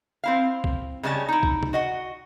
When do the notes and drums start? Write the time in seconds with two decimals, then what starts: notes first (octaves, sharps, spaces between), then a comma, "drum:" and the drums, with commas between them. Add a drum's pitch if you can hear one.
0.24 C4 E4 F5
0.64 drum: kick C#2
1.03 C#3 G3 G#3 C#4 D#4 A5
1.28 D#4 E4
1.43 drum: kick C#2
1.63 drum: tom C3
1.73 F#4 D#5 F#5